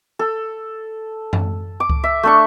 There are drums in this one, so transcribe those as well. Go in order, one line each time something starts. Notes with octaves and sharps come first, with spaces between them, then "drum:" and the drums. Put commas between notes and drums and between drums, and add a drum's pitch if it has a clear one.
A4
drum: tom F#2
D6
drum: kick C#2
E5
A3 D4 C#6